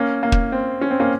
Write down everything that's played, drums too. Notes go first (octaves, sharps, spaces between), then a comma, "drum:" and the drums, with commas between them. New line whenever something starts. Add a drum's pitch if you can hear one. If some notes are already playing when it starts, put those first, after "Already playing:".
Already playing: A#3 C#4
A#3
drum: kick
C4
C#4
C4
A#3 C#4